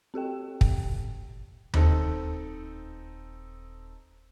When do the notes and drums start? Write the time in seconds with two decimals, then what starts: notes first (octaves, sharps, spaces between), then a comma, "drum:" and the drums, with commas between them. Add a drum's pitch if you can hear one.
0.14 C4 G4 A4 G5
0.61 drum: kick
1.74 D#1 C4 D#4 A4, drum: tom D#2